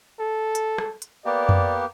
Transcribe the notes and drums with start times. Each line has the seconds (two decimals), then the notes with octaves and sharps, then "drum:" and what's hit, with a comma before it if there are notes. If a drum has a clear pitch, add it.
0.20 A4
0.55 drum: hi-hat
0.78 drum: rim click
1.02 drum: hi-hat
1.25 A#3 B3 G4 D5
1.49 drum: tom F2